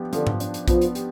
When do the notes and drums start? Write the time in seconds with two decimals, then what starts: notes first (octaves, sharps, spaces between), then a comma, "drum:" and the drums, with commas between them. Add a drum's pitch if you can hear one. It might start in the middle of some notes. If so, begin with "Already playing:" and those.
Already playing: F3 B3 D4 G4
0.13 D3 F3, drum: hi-hat
0.27 drum: tom G#2
0.40 D4, drum: hi-hat
0.54 drum: hi-hat
0.68 F3 B3, drum: kick A#1, hi-hat
0.81 drum: hi-hat
0.95 G4, drum: hi-hat